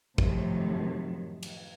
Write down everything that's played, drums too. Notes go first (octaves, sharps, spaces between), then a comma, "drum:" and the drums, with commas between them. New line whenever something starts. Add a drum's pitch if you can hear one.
F#2 A2 C3 D#3 F3, drum: kick
drum: cymbal